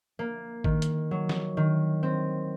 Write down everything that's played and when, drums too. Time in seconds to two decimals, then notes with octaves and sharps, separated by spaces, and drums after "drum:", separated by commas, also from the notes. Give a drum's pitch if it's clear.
0.19 A#3
0.64 D#3, drum: kick
0.82 drum: hi-hat
1.11 F#3
1.29 drum: snare
1.57 D#3
2.03 C4